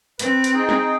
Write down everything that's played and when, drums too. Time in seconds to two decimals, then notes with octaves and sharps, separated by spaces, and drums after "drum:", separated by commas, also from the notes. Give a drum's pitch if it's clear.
0.19 C4 B4, drum: hi-hat
0.44 drum: hi-hat
0.54 D#4 G#4 G5
0.69 drum: snare